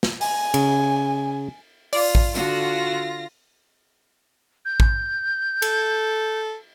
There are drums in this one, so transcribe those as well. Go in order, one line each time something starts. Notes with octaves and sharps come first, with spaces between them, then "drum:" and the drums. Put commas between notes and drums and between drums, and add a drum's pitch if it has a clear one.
drum: snare
G#5, drum: open hi-hat
C#3, drum: cymbal
F4 D5, drum: open hi-hat
drum: kick
D3 F4 F#4 A#6, drum: tambourine
G6
drum: kick
A4, drum: cymbal